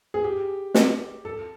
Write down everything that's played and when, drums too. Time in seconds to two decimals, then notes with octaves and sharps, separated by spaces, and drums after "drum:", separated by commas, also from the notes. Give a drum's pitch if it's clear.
0.14 G#4
0.24 G4
0.74 drum: snare
1.25 A4